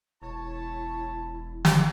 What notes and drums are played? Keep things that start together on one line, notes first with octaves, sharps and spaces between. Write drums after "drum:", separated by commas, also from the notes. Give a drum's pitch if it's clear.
E1 E4 C#5 A5
drum: snare